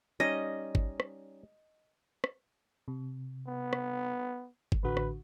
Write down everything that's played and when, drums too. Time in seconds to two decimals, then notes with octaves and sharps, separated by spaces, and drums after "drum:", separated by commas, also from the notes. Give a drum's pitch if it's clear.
0.20 G3 C#4 D#4 D#5
0.75 drum: kick
1.00 drum: rim click
2.24 drum: rim click
2.88 C3
3.48 B3
3.73 drum: rim click
4.72 drum: kick
4.84 A1 D3 F#4 B4
4.97 drum: rim click